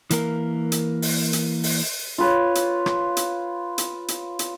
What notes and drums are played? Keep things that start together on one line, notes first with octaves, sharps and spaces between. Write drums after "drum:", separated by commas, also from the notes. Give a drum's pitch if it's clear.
E3 A#3 A#4, drum: hi-hat
drum: hi-hat
drum: open hi-hat
drum: hi-hat
drum: open hi-hat
F4 B4 C#5
drum: hi-hat
drum: rim click
drum: hi-hat
drum: hi-hat
drum: hi-hat
drum: hi-hat